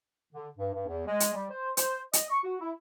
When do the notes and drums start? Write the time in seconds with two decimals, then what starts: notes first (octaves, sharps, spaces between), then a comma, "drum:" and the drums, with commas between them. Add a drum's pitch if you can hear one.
0.33 D3
0.58 G2
0.74 G2
0.87 E2
1.08 G#3
1.20 drum: hi-hat
1.34 G3
1.50 C5
1.77 C5, drum: hi-hat
2.13 D#5, drum: hi-hat
2.30 C#6
2.44 F#4
2.60 E4